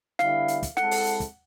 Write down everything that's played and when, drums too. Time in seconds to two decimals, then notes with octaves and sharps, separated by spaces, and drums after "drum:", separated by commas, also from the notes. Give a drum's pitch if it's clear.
0.19 D3 G3 B3 E4 F5, drum: snare
0.48 drum: hi-hat
0.63 drum: kick, hi-hat
0.77 G#3 C4 E4 A4 F#5, drum: snare
0.91 drum: open hi-hat
1.06 drum: hi-hat
1.20 drum: kick, hi-hat